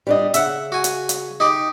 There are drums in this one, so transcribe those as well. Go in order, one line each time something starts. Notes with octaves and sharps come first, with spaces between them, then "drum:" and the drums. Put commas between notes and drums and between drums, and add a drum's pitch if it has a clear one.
G3 D4 D#5
C#3 E5 F#5, drum: hi-hat
F#4 G#5
drum: hi-hat
drum: hi-hat
D#4 G4